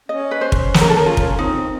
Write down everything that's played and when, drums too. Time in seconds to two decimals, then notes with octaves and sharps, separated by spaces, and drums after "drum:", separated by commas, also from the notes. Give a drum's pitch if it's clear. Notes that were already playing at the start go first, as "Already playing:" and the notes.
0.09 C#4 D#5
0.31 B4
0.41 C5
0.52 drum: kick
0.74 B4, drum: snare
0.81 A#4
0.90 A4
0.97 A#4
1.06 F4
1.17 drum: kick
1.38 C4 D#4